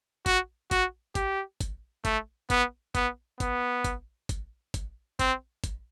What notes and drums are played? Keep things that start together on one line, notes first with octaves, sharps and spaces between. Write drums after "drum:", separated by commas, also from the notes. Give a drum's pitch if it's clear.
F#4, drum: kick, hi-hat
F#4, drum: kick, hi-hat
G4, drum: kick, hi-hat
drum: kick, hi-hat
A3, drum: kick, hi-hat
B3, drum: kick, hi-hat
B3, drum: kick, hi-hat
B3, drum: kick, hi-hat
drum: kick, hi-hat
drum: kick, hi-hat
drum: kick, hi-hat
C4, drum: kick, hi-hat
drum: kick, hi-hat